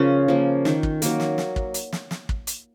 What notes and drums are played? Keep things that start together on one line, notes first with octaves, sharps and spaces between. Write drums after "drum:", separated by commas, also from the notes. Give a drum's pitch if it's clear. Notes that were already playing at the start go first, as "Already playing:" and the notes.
Already playing: C#3 F3 A#3 C#4 F4 A#4
F3 A#3
D#3, drum: snare
drum: kick
F#3 A#3, drum: hi-hat
drum: snare
drum: snare
drum: kick
drum: hi-hat
drum: snare
drum: snare
drum: kick
drum: hi-hat